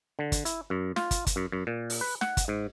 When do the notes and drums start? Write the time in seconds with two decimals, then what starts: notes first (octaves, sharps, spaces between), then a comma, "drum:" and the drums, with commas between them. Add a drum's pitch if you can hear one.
0.19 D3
0.32 drum: kick, hi-hat
0.45 E4, drum: hi-hat
0.70 F#2
0.96 F4, drum: snare
1.11 drum: kick, hi-hat
1.27 drum: kick, hi-hat
1.36 F#2
1.52 F#2
1.67 A#2
1.90 drum: open hi-hat
2.01 B4
2.21 F#5, drum: snare
2.37 drum: kick, hi-hat
2.48 G#2